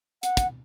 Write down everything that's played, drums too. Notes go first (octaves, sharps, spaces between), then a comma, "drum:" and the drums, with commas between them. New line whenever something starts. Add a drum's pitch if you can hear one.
F#5, drum: hi-hat
drum: kick, hi-hat